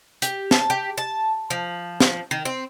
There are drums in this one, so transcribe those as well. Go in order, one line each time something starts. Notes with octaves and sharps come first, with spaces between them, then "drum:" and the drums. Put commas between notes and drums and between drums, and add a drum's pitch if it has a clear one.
G4, drum: hi-hat
A5, drum: snare
G4
A5
F3
F3, drum: snare
D#3
C4